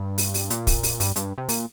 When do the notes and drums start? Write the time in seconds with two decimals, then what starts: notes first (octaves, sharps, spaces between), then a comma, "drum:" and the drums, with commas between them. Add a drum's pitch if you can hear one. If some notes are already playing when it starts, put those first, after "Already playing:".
Already playing: G2
0.18 drum: open hi-hat
0.34 drum: open hi-hat
0.50 A#2, drum: hi-hat
0.67 drum: kick, open hi-hat
0.83 drum: open hi-hat
1.00 G2, drum: open hi-hat
1.16 G2, drum: hi-hat
1.38 C3
1.49 A#2, drum: open hi-hat